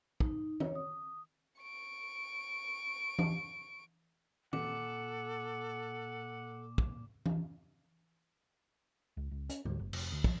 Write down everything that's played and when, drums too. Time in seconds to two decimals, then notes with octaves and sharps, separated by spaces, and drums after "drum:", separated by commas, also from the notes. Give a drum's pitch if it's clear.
0.20 D#4, drum: kick
0.60 C#5, drum: tom
0.75 D#6
1.62 C#6 D7
3.19 drum: tom E3
4.53 A#2 A4 F#5 D6, drum: tom
6.78 drum: kick
7.26 drum: tom E3
9.17 C#2
9.31 C#2
9.49 C#4, drum: hi-hat
9.65 D2, drum: tom G#2
9.79 F#1
9.93 F1, drum: cymbal
10.12 D2
10.24 F3, drum: kick